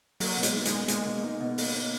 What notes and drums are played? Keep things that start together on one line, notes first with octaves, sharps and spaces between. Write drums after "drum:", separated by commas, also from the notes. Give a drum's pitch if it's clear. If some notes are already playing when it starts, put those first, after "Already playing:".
F#3 A#3, drum: open hi-hat
B2
G#3, drum: hi-hat
D#4
G#3, drum: hi-hat
B2
G#3 A#3, drum: hi-hat
B2
D#4
B2
A#3, drum: open hi-hat
B2